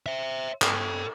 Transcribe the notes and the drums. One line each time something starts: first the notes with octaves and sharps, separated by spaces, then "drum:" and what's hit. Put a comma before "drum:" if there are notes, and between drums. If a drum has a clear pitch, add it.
C5 E5
A4 G5, drum: clap